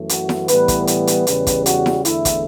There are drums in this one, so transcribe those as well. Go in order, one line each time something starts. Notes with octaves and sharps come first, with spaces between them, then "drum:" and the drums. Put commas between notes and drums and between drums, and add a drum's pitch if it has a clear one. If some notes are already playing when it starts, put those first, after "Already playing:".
Already playing: F#2 E3 A3
F#4, drum: hi-hat
drum: snare E4
A2 E3 G3 B3 B4, drum: hi-hat
drum: kick, hi-hat
B4, drum: hi-hat
drum: hi-hat
E2 C#3 G3, drum: hi-hat
drum: kick, hi-hat
F#4, drum: hi-hat
drum: snare E4
E2 D3 A3 E4, drum: hi-hat
drum: kick, hi-hat